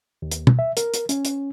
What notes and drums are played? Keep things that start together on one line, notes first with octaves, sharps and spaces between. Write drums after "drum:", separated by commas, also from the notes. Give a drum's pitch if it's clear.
D#2
drum: hi-hat
drum: tom
E5
A#4, drum: hi-hat
drum: hi-hat
C#4, drum: hi-hat
drum: hi-hat